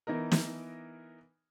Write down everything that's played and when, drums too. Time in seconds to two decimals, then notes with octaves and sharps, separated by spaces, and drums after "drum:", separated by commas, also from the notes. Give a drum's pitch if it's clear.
0.07 E3 B3 D#4 A#4
0.32 drum: snare